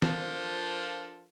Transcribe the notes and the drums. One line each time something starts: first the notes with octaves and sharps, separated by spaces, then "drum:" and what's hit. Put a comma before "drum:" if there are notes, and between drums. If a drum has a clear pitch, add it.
F3 D4 F4 A4 A#4 C5, drum: snare